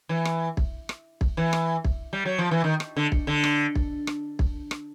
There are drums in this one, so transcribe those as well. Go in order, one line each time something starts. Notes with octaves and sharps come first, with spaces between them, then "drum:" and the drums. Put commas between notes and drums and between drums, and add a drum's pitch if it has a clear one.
E3
drum: rim click
drum: kick
drum: rim click
drum: kick
E3
drum: rim click
drum: kick
G3
F#3
F3
E3
D#3
drum: rim click
D3
drum: kick
D3
drum: rim click
drum: kick
drum: rim click
drum: kick
drum: rim click